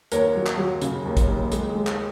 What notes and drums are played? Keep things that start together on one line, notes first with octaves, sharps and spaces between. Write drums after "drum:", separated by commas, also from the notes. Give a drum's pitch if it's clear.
D#2 A#4 C#5, drum: hi-hat
F#3
drum: clap
F#3
C#3, drum: hi-hat
D#2
drum: kick, hi-hat
D#2
G#3, drum: hi-hat
G#3
drum: clap